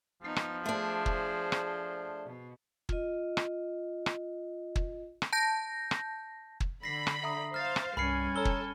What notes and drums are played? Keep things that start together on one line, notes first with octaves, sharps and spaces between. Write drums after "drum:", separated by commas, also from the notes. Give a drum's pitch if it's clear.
F3 B3 D#4
drum: rim click
A3 D4 G#4 C5
drum: kick
drum: rim click
B2
F4 D#5, drum: kick
drum: rim click
drum: rim click
drum: kick
drum: rim click
A5 G6 A#6
drum: rim click
drum: kick
D3 B5 A#6 C7
drum: rim click
E5 A#5 D#6
C5 F5 F6 A6
drum: rim click
C2 G2 C#4 G#5 B5 F6 C7 C#7
A4 C#5 A#5 E6 G7
drum: kick